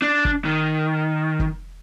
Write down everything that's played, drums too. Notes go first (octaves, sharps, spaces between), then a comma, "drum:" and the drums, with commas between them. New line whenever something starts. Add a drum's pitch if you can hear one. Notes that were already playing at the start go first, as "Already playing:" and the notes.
D4
drum: kick
D#3
drum: kick